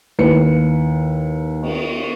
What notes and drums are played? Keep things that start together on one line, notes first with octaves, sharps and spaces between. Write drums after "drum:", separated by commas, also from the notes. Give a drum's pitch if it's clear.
D#2 E4 B4 C#7
drum: cymbal